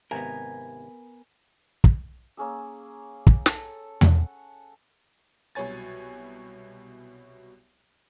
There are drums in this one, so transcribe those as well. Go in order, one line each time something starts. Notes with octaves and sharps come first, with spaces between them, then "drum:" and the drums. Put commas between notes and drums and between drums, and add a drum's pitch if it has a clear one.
G#1 C3 B3 A#4 G#5
drum: kick
A#3 C#4 G#4 E6
drum: kick
A4, drum: snare
F#5, drum: tom E2
C2 B2 F#3 C#5 G#5 A6